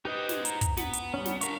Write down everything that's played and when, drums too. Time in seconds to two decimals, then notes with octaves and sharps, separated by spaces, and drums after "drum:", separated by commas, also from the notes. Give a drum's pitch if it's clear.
0.05 D#4 G4 B4 C5 D#5
0.29 drum: snare
0.45 A#5, drum: hi-hat
0.61 drum: kick, hi-hat
0.77 B3, drum: snare
0.93 drum: hi-hat
1.14 G3 C#4
1.25 drum: snare
1.41 D4 A#4 E5 F5 C#6, drum: hi-hat